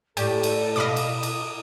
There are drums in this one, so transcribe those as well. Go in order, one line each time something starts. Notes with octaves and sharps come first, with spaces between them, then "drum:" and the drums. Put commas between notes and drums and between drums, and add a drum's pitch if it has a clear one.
A2 G4 A4 D5, drum: cymbal
drum: cymbal
B2 D5 D#5 F5 B5 D6 D#6
drum: cymbal
drum: cymbal